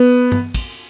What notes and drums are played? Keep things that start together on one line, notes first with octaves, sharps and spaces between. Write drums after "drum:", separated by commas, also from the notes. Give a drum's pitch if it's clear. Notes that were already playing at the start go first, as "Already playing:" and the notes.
Already playing: B3
drum: tom
drum: kick, cymbal